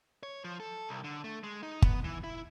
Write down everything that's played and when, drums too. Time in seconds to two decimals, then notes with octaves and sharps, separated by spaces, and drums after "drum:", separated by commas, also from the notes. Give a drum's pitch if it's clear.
0.23 C#5
0.44 F3
0.60 A4
0.89 C2
1.04 D3
1.24 A3
1.44 G#3
1.63 D#4
1.82 B3, drum: kick G1
2.04 E3
2.24 E4